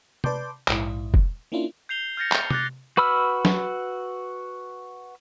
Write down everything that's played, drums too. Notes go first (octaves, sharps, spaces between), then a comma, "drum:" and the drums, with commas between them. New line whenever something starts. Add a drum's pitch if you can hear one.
B4 D5 A5 C6 D6 G6, drum: tom C3
A#1 G#2 E4, drum: clap
drum: kick
A#3 C#4 D4 E4 F4
G6 C7 F7 G7
F6 G6 A6 A#6 C#7
drum: clap
D6 F#6 A6, drum: tom C3
F#4 B4 B5 E6 F6
drum: snare